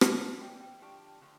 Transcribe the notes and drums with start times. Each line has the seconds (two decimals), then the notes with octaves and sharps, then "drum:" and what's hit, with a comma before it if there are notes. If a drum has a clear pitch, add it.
0.01 E3 G3 C4 E4, drum: rim click
0.21 A5
0.41 E3 G3 C4 E4 G5
0.61 G5
0.81 D3 F3 A3 D4 G4
1.21 D3 F3 A3